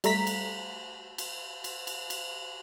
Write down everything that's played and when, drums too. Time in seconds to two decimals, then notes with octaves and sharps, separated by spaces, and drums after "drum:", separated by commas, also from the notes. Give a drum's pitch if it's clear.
0.04 G3 A3 A#5 B6, drum: cymbal
0.27 drum: cymbal
1.18 drum: cymbal
1.64 drum: cymbal
1.87 drum: cymbal
2.10 drum: cymbal